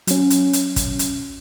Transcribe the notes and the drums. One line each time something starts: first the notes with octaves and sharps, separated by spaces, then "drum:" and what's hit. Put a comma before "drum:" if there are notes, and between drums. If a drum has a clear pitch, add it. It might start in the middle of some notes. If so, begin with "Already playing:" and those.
F#3 C#4, drum: hi-hat
drum: hi-hat
drum: hi-hat
drum: kick, hi-hat
drum: hi-hat